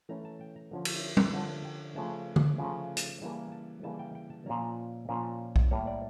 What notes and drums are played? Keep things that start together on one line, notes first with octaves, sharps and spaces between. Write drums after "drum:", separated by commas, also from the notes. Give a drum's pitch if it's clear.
E3 A3 C#4 A#5
A5
G5
A#5
D3 F3 C#4
drum: cymbal
drum: tom
D3 F3 C#4 A5
G5
C#3 F3 A3 C#4 A5
drum: tom D3
C#3 F3 A3 C#4
drum: hi-hat
C#3 E3 G3 A#3 A5
A5
C#3 E3 G3 A#3 A5
G5
G5
A5
A#2 F3 A#3 C#4 A#5
A#2 F3 A#3 C#4
drum: kick B1
A2 G3 A#3 C#5
D5